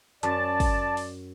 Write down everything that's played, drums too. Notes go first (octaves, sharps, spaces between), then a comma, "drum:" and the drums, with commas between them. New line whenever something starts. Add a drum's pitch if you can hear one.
F#2 D5 A5, drum: hi-hat
drum: kick, open hi-hat
drum: open hi-hat